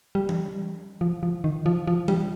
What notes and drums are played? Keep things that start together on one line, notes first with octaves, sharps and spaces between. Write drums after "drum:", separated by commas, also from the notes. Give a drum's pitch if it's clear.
G3
drum: tom E3
F3
F3
D#3
F3
F3
G3, drum: tom E3